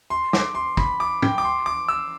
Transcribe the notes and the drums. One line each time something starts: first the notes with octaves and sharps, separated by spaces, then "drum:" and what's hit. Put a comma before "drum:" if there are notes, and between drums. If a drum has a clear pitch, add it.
C6
D6, drum: snare
C6
B5, drum: kick
D6
G5, drum: tom
D6
C6
D6
E6